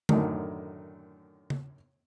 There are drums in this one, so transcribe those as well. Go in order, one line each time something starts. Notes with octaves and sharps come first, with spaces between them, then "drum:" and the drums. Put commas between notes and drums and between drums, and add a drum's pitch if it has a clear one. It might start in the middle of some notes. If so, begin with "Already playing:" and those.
F#2 A2 D3 D#3, drum: tom D3
drum: tom C#3